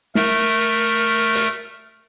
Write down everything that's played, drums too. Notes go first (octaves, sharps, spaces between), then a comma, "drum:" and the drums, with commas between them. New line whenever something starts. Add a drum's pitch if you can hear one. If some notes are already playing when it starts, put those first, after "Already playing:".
A3 A#4, drum: snare
drum: hi-hat